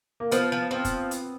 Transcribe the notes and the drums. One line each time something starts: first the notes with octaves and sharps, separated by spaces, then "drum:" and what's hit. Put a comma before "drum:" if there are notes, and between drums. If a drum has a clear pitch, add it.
A#3
F3 B3, drum: hi-hat
F3
F3 C4
drum: kick, hi-hat
drum: hi-hat